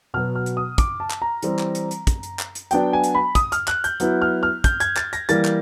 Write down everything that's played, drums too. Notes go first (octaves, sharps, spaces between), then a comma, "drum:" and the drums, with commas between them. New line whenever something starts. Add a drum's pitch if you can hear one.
B2 F#3 B3 F6
F6
drum: hi-hat
D#6
D6, drum: kick, hi-hat
A5
drum: clap
A#5
E3 G3 C4, drum: hi-hat
drum: clap
drum: hi-hat
drum: hi-hat
drum: kick, hi-hat
drum: hi-hat
drum: clap
drum: hi-hat
F#3 B3 D4 G5, drum: hi-hat
G#5
drum: hi-hat
B5
D#6, drum: kick, hi-hat
F6, drum: hi-hat
F#6, drum: clap
G6, drum: hi-hat
F#3 B3 E4, drum: hi-hat
F6
F6
G6, drum: kick, hi-hat
G#6, drum: hi-hat
A6, drum: clap
A#6, drum: hi-hat
E3 G3 A#3 A6, drum: hi-hat
drum: clap